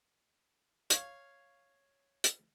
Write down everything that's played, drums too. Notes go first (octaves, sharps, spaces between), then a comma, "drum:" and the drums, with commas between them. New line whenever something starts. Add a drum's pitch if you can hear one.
C#5 F5, drum: hi-hat
drum: hi-hat